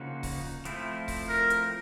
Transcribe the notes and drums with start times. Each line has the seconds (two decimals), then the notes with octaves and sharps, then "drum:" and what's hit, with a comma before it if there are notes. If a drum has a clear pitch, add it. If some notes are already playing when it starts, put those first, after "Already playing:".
Already playing: C#3 F3 A#3 D#4 F#4
0.23 drum: kick C#1, open hi-hat
0.65 F3 A3 C4 E4, drum: hi-hat
1.08 drum: kick C#1, open hi-hat
1.29 A#4
1.50 drum: hi-hat